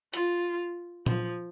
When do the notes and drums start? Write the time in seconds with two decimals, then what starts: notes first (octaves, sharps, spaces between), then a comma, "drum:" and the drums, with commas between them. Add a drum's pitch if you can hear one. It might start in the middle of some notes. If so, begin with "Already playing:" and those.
0.13 F4, drum: hi-hat
1.06 F3, drum: tom A#2